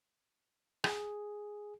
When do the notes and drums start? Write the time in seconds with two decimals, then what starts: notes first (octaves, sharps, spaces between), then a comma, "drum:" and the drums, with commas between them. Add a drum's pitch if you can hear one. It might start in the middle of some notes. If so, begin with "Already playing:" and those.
0.84 G#4, drum: rim click